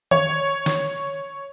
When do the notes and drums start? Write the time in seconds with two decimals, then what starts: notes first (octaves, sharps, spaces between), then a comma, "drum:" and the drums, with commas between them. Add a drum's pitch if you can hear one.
0.11 C#5, drum: tom D#3
0.66 drum: snare